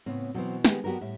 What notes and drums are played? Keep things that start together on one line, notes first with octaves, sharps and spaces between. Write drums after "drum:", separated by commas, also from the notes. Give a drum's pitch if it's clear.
A2 C#3 B3 C4
B2 E3 F#3 C4 C5
D#3 G#3 B3 G4, drum: snare
G2 F#3 B3 F#4 G4 A#4
A2 E5